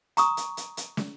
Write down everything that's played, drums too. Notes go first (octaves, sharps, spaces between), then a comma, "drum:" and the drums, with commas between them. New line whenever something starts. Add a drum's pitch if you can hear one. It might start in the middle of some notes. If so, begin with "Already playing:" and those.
A#5 C#6 D#6, drum: hi-hat
drum: hi-hat
drum: hi-hat
drum: hi-hat
drum: snare